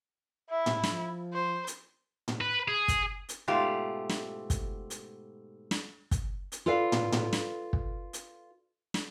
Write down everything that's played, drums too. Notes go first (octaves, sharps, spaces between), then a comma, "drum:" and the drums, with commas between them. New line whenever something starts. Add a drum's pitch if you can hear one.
E4 E5
drum: tom
F3, drum: snare
C5
drum: hi-hat
drum: tom
B4
G#4
drum: kick, hi-hat
drum: hi-hat
G#2 B2 A3 F4 G4
drum: snare
drum: kick, hi-hat
drum: hi-hat
drum: snare
drum: kick, hi-hat
drum: hi-hat
F4 A4 B4 D5 F5
drum: tom
drum: tom
drum: snare
drum: kick
drum: hi-hat
drum: snare